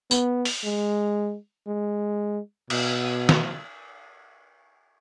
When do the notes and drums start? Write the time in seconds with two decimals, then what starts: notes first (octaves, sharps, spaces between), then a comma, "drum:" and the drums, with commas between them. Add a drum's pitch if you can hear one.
0.11 B3, drum: tambourine
0.45 drum: open hi-hat
0.64 G#3
1.67 G#3
2.70 B2, drum: cymbal
3.29 drum: snare